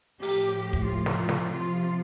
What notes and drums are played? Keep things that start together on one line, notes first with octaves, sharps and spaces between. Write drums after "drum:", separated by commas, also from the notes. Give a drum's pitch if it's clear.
A2 F3 G4, drum: open hi-hat
drum: kick
F4
drum: snare
drum: snare
C3 F3 F4